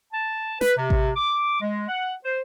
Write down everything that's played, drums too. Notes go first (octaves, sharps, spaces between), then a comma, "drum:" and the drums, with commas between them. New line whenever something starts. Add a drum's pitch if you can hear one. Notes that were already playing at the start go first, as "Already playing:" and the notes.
A5
B4, drum: snare
C3
drum: kick A1
D6
G#3
F#5
C5